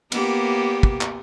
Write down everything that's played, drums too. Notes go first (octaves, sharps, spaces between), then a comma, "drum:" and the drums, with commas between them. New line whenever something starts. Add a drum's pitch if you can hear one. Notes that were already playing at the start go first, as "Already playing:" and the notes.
A#3 B3 G4, drum: cymbal
drum: kick
drum: clap